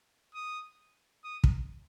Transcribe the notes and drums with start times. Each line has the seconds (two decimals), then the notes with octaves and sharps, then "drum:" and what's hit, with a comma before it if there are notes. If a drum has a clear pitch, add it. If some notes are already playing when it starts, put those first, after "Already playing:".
0.35 D#6
1.24 D#6
1.44 drum: kick